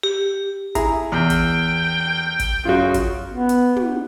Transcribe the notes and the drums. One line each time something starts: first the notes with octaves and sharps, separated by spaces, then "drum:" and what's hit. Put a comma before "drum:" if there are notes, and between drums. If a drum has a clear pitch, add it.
G4
E4 G#4 A#5, drum: kick, hi-hat
E2 G5
drum: kick, hi-hat
drum: kick, hi-hat
F#2 C#3 F4 F#4
drum: kick, hi-hat
B3
drum: hi-hat
drum: tom